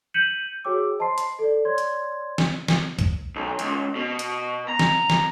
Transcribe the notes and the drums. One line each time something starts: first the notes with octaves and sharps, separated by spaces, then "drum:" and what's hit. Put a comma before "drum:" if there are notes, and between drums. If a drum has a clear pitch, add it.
G6 B6 C#7 D#7 E7 F#7
F#4 G#4 C#5 G5 D6 E6
C5 D#5 A5 B5 C6 C7
drum: hi-hat
A4 D5
C#5 D5 C6 G#6
drum: hi-hat
drum: snare
drum: snare
drum: kick B1, hi-hat
B1
C#2, drum: hi-hat
B2
drum: hi-hat
A#5
drum: snare
drum: snare